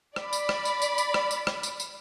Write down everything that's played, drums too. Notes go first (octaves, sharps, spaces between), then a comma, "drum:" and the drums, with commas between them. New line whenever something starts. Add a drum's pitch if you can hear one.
D5 B5, drum: rim click
drum: tambourine
drum: rim click
drum: tambourine
drum: tambourine
drum: tambourine
drum: rim click
drum: tambourine
drum: rim click
drum: tambourine
drum: tambourine